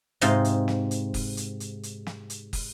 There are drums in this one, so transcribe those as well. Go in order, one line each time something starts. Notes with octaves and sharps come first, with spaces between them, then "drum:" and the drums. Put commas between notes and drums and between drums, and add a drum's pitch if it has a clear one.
G#2 C3 D#4 F4, drum: hi-hat
drum: hi-hat
drum: snare
drum: hi-hat
drum: kick, open hi-hat
drum: hi-hat
drum: hi-hat
drum: hi-hat
drum: snare
drum: hi-hat
drum: kick, open hi-hat